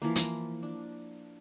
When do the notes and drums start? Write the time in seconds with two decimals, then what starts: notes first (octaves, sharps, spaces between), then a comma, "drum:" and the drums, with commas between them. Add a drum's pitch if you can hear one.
0.02 E3 F3 A#3
0.16 drum: hi-hat
0.63 D4